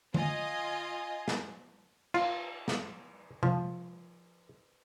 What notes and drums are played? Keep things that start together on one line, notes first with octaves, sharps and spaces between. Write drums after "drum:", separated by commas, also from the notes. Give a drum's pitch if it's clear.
F4 D#5 G#5, drum: tom D3
drum: snare
F4, drum: cymbal
drum: snare
F3, drum: tom C3